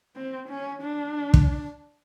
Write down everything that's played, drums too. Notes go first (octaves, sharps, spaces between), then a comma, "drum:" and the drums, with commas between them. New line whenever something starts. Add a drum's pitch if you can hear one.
C4
C#4
D4
drum: kick